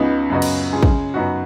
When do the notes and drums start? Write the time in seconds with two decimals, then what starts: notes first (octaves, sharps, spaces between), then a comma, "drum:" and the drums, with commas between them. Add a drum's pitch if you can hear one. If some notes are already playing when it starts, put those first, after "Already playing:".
Already playing: C#2 C#3 B3 D#4
0.30 F#2 C#3 B3 F#4 D#5
0.42 drum: cymbal
0.73 C#3 G#3 C#4 G#4
0.83 drum: kick
1.14 F#2 C#3 B3 D#4 F#4